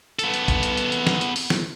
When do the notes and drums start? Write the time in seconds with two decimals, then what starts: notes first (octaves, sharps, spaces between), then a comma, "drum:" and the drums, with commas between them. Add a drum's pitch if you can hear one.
0.19 B3 A4, drum: hi-hat
0.34 drum: hi-hat
0.48 drum: kick, hi-hat
0.63 drum: hi-hat
0.77 drum: hi-hat
0.92 drum: hi-hat
1.07 drum: snare
1.21 drum: hi-hat
1.36 drum: open hi-hat
1.50 drum: snare